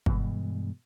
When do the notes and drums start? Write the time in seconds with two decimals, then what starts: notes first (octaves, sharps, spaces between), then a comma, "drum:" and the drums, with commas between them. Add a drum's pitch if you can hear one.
0.06 G2 B2 E3 G#3, drum: kick